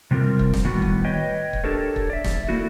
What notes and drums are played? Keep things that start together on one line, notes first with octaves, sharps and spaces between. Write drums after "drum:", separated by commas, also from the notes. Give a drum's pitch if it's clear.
C3 G3 C4 F4 A#4
drum: kick
drum: snare
A2 D#3 G3 B3 F#4
drum: kick
B4 C#5 D#5 G5
drum: kick
D4 G4 A4 A#4 C#5
drum: kick
D5 E5
drum: snare
A3 A#3 E4 F#4